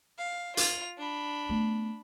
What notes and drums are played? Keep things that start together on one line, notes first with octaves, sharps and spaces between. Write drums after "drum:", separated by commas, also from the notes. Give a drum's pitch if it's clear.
F5
F4 F7, drum: hi-hat
D4 B5
A3 B3